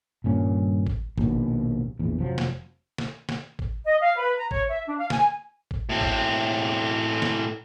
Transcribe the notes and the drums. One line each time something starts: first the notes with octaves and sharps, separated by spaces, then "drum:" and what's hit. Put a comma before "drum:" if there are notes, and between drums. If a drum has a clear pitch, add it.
D#1 G2 A#2 C#4
drum: kick
A#1 D#2 B2, drum: kick
A#1 E2
F1 F3 F#3
drum: snare
drum: snare
drum: snare
drum: kick
D#5
F5
B4
A#5
C#5, drum: kick
E5
D4
F5
G#5, drum: snare
drum: kick
A2 C4
drum: kick
drum: snare